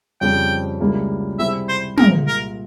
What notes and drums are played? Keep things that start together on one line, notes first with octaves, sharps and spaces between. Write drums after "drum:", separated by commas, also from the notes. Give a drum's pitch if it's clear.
F2 C#3 G3 C4 G5
C#2 C#3 G3 A#3 E4
C3 G3 C4 E4 G#4 E5
C5
C2 A#2 G#3 A#4, drum: tom
A#4